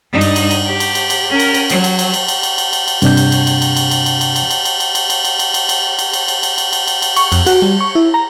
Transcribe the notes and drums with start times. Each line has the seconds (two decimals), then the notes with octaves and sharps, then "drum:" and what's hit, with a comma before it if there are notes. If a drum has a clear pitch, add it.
0.12 G2 D#4
0.21 drum: cymbal
0.36 drum: cymbal
0.51 drum: cymbal
0.67 G4
0.80 drum: cymbal
0.95 drum: cymbal
1.10 drum: cymbal
1.30 C#4 A#4
1.39 drum: cymbal
1.54 drum: cymbal
1.70 F#3, drum: cymbal
1.84 drum: cymbal
1.99 drum: cymbal
2.14 drum: cymbal
2.28 drum: cymbal
2.43 drum: cymbal
2.58 drum: cymbal
2.73 drum: cymbal
2.88 drum: cymbal
3.02 G2 C3 D4 G6, drum: cymbal
3.17 drum: cymbal
3.32 drum: cymbal
3.47 drum: cymbal
3.62 drum: cymbal
3.76 drum: cymbal
3.91 drum: cymbal
4.06 drum: cymbal
4.21 drum: cymbal
4.36 drum: cymbal
4.50 drum: cymbal
4.65 drum: cymbal
4.80 drum: cymbal
4.95 drum: cymbal
5.10 drum: cymbal
5.25 drum: cymbal
5.39 drum: cymbal
5.54 drum: cymbal
5.69 drum: cymbal
5.99 drum: cymbal
6.13 drum: cymbal
6.28 drum: cymbal
6.43 drum: cymbal
6.58 drum: cymbal
6.73 drum: cymbal
6.87 drum: cymbal
7.02 drum: cymbal
7.16 C#6, drum: cymbal
7.32 F2, drum: cymbal
7.46 F#4, drum: cymbal
7.62 G3
7.81 C#6
7.95 E4
8.14 A#5